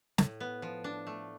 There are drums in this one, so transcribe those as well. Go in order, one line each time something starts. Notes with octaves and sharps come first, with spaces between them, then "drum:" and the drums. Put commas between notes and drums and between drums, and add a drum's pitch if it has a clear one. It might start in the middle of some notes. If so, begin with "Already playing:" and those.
A2, drum: snare
B3
F3
D4
A3